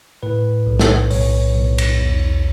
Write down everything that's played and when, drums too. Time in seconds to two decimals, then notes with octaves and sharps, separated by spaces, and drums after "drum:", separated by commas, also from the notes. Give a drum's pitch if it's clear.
0.23 A2 B4
0.67 B1
0.79 drum: snare
1.10 B1 C#5, drum: open hi-hat
1.54 B1
1.78 drum: cymbal
1.98 E2